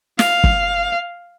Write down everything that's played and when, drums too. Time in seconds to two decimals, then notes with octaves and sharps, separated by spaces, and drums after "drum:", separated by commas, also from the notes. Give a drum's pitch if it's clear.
0.19 F5, drum: snare
0.44 drum: kick